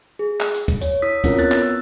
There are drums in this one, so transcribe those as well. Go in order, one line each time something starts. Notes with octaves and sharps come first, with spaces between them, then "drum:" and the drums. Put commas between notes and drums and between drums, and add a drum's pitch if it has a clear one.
G#4
drum: clap
drum: hi-hat
drum: kick, hi-hat
C#5, drum: hi-hat
E4 D#6 E6 B6
C4 C#4 E4 F4 A#4 C#5, drum: kick, hi-hat
B3 F#6 A6, drum: hi-hat
drum: clap
E6